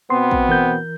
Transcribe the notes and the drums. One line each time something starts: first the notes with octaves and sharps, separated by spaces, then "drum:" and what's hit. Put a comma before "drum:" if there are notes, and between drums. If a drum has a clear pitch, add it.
B2 B3 C4 C6
drum: kick
E3 A#4 G6